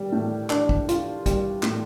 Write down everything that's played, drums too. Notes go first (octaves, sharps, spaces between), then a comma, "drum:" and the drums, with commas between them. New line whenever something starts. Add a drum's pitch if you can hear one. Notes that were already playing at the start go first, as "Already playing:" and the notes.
Already playing: G3
A2
D4, drum: clap
drum: kick
F4, drum: hi-hat
G3, drum: kick, hi-hat
A2, drum: clap